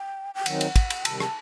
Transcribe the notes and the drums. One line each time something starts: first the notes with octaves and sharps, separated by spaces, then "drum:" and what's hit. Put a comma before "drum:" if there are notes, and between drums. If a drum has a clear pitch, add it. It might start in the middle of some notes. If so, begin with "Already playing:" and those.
Already playing: G5
G5
D#3 F#3 C4 D#4 F#5, drum: cymbal
drum: cymbal
drum: kick, cymbal
drum: cymbal
C3 D#3 G3 A5, drum: cymbal
A5, drum: rim click